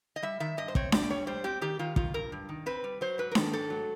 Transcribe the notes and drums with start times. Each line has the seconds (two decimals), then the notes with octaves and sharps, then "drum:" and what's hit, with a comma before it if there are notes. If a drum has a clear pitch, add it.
0.16 D#5
0.22 G3 E5
0.40 D#3 E5
0.57 G2 D#5
0.68 C5
0.75 C4 C#5, drum: kick
0.92 C4 D5, drum: snare D4
1.10 G3 C#5
1.27 G3 C5
1.44 C4 G4
1.61 D#3 G4
1.79 D#3 F4
1.96 D#3 F4, drum: kick
2.14 G2 A#4
2.32 G2
2.49 D#3
2.66 C4 B4
2.84 G3
3.01 F#3 C5
3.18 G#2 B4
3.31 A#4
3.35 D#3 A4, drum: snare D4
3.53 G#2 A4
3.70 F#3